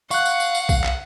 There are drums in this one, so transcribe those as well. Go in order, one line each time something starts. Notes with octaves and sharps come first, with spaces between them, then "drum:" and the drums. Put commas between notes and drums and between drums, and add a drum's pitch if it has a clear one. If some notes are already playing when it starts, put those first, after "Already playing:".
F5 F#5 C#6 F#6, drum: tambourine
drum: tambourine
drum: tambourine
drum: tambourine
drum: kick B1, tambourine
drum: clap